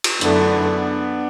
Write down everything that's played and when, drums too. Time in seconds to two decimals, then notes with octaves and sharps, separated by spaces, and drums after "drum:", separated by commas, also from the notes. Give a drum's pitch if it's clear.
0.04 drum: cymbal
0.21 F#2 D3 A3 B3 D4 E4, drum: hi-hat